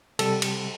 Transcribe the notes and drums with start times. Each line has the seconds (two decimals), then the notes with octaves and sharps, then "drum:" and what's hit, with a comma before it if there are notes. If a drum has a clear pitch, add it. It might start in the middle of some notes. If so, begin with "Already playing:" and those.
0.19 C3 G3 A4, drum: cymbal
0.42 drum: cymbal